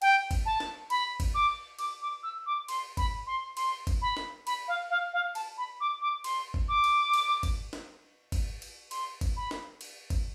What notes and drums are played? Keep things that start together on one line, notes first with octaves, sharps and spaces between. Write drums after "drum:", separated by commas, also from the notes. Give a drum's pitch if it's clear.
G5, drum: cymbal
drum: kick G1, cymbal
A5
drum: snare
B5, drum: cymbal
drum: kick G1, cymbal
D6
D6, drum: cymbal
D6
E6
D6
C6, drum: cymbal
B5, drum: kick G1, cymbal
C6
C6, drum: cymbal
drum: kick G1, cymbal
B5
drum: snare
B5, drum: cymbal
F5
F5
F5
A5, drum: cymbal
B5
D6
D6
C6, drum: cymbal
drum: kick G1
D6
drum: cymbal
drum: cymbal
drum: kick G1, cymbal
drum: snare
drum: kick G1, cymbal
drum: cymbal
C6, drum: cymbal
drum: kick G1, cymbal
B5
drum: snare
drum: cymbal
drum: kick G1, cymbal